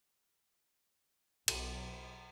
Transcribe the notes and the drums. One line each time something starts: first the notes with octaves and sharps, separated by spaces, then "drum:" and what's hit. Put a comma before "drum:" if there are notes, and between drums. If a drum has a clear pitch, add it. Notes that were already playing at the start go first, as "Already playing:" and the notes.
B1, drum: cymbal